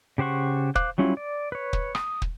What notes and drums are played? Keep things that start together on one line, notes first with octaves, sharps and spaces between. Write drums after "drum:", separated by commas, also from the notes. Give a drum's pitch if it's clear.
C#3 G4 C5 F#5 C#6
C5 F5 D6 F#6, drum: kick
F#3 G3 C#4 E4 F4
D5
B4 C#5
drum: kick
D#6, drum: rim click
drum: kick